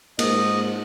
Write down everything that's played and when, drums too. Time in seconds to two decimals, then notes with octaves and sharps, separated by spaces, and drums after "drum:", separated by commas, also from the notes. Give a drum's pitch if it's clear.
0.19 G#2 A#3 D#5, drum: cymbal